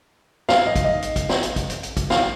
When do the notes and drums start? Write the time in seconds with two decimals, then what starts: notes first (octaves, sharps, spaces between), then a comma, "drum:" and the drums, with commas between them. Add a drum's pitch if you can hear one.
0.49 F5, drum: snare
0.67 D#5
0.76 drum: kick, hi-hat
0.85 D#5
1.02 drum: hi-hat
1.16 drum: kick, hi-hat
1.29 drum: snare
1.43 drum: hi-hat
1.56 drum: kick, hi-hat
1.70 drum: hi-hat
1.83 drum: hi-hat
1.97 drum: kick, hi-hat
2.10 F5, drum: snare